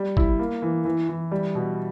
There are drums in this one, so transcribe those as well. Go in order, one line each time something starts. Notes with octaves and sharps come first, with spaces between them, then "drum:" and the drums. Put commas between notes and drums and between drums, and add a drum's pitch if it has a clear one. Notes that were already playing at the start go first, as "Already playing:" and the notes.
Already playing: G3
E4, drum: kick G#1
A#3
E3
E3
E3
G3
B2